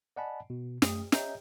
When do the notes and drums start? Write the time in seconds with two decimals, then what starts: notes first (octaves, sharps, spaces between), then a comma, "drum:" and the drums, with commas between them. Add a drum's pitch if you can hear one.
0.16 D5 D#5 F#5 G#5 A5 B5
0.50 B2
0.82 F#2 A3 D#6, drum: snare
1.12 C#5 D#5 E5 A#5 G6, drum: snare